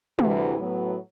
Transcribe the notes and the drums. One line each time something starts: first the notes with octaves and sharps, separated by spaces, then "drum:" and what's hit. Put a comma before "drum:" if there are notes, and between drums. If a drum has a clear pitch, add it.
D2 C3 E3, drum: tom
A2 F#3 B3